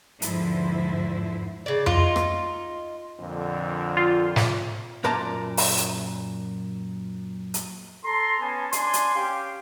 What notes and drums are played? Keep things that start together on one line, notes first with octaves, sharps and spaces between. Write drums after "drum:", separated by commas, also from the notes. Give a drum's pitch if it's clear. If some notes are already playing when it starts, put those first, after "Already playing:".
E2 G#2 D3 F3 E4 C5, drum: hi-hat
C#3 D5
D#4 F4, drum: tom F2
drum: rim click
F2 A#2 D3
F4
drum: snare
F#2 A#2 A#4 D5 A5 A#5
drum: open hi-hat
drum: hi-hat
drum: hi-hat
A4 A#5 C6
B3 C#4 G#5 A5
D4 G#5 C6, drum: hi-hat
drum: hi-hat
C#4 G4 F5 G5